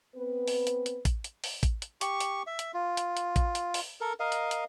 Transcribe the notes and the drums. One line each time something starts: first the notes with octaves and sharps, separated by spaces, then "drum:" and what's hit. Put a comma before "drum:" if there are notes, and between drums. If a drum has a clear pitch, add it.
B3 C4 B4
drum: open hi-hat
drum: hi-hat
drum: hi-hat
drum: kick A1, hi-hat
drum: hi-hat
drum: open hi-hat
drum: kick A1, hi-hat
drum: hi-hat
G4 C#6, drum: hi-hat
drum: hi-hat
E5
drum: hi-hat
F4
drum: hi-hat
drum: hi-hat
drum: kick A1, hi-hat
drum: hi-hat
drum: open hi-hat
A4 A#4
A#4 D#5 F5
drum: hi-hat
drum: hi-hat